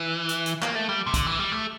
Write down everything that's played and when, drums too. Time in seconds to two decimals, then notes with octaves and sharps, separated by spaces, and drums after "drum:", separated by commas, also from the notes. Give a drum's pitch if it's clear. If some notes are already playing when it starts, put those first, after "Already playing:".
Already playing: E3
0.29 drum: hi-hat
0.46 drum: hi-hat
0.62 A#3, drum: clap
0.75 A3
0.89 G3
1.07 C3
1.14 D3, drum: kick, hi-hat
1.26 E3
1.39 G3
1.52 A3